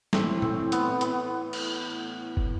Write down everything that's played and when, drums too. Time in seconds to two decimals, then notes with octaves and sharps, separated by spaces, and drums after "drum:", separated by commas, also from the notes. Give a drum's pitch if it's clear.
0.13 A2 E3 A3 C4, drum: snare
0.42 C4, drum: tom A#2
0.72 B3, drum: hi-hat
1.01 B3, drum: hi-hat
1.53 drum: cymbal
2.37 drum: kick